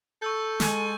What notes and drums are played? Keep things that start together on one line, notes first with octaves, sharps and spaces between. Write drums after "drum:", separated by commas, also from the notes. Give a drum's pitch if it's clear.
A4 C#6 E6 G6
G#3 G#5, drum: snare